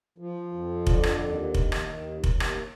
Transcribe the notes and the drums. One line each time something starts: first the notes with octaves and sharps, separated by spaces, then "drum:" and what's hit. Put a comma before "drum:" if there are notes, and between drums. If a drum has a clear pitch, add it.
F3
F2
D3, drum: kick F1
drum: rim click
D#2
D#3, drum: kick F1
drum: rim click
D#2
D#2, drum: kick F1
drum: rim click